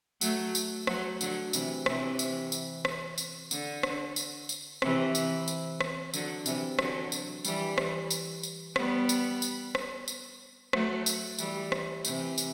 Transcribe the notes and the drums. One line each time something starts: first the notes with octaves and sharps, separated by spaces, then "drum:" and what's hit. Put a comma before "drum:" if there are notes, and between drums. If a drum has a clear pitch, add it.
F#3 A3, drum: tambourine
drum: tambourine
F#3 A3, drum: rim click
D3 F#3, drum: tambourine
C3 E3, drum: tambourine
C3 E3, drum: rim click
drum: tambourine
drum: tambourine
drum: rim click
drum: tambourine
D3, drum: tambourine
drum: rim click
drum: tambourine
drum: tambourine
C3 E3, drum: rim click
drum: tambourine
drum: tambourine
drum: rim click
D3 F#3, drum: tambourine
C3 E3, drum: tambourine
D3 F#3, drum: rim click
drum: tambourine
E3 G3, drum: tambourine
drum: rim click
drum: tambourine
drum: tambourine
G3 B3, drum: rim click
drum: tambourine
drum: tambourine
drum: rim click
drum: tambourine
F#3 A3, drum: rim click
drum: tambourine
E3 G3, drum: tambourine
drum: rim click
C3 E3, drum: tambourine
drum: tambourine